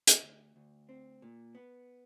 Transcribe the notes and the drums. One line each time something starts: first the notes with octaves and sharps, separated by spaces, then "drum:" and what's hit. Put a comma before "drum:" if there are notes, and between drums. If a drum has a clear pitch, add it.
drum: hi-hat
D2
D2
C4
A#2
B3